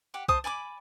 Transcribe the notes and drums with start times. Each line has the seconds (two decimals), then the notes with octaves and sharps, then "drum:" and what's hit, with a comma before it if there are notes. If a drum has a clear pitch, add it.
0.14 G4 F#5 D6
0.29 C5 A5 D#6, drum: kick
0.44 D5 G#5 B5 D6